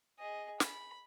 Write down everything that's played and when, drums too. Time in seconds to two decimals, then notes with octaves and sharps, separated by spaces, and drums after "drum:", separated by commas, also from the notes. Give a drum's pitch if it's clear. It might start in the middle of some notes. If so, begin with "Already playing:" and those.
0.19 G#4 D#5
0.60 B5, drum: snare